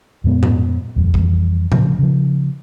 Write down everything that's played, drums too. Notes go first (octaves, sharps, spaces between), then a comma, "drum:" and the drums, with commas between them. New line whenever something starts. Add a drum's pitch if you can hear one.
F2 A#2 G#3 B3
drum: tom G#2
D#1 F2 G#3
F2 E3 G3, drum: kick
A2 C#3 F3, drum: tom A#2
C#3 F3